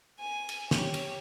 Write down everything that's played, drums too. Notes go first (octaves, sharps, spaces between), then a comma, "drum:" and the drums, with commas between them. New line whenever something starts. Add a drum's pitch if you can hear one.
G#5
drum: cymbal
G4 C#5, drum: snare
drum: cymbal